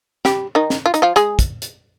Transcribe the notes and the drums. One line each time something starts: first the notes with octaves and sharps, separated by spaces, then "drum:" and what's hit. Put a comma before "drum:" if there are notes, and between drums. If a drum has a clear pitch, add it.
G3 G4, drum: snare
D#3 D#4
drum: snare
F4
D#4, drum: hi-hat
F3 F4
G#3 G#4, drum: hi-hat
drum: kick, hi-hat
drum: hi-hat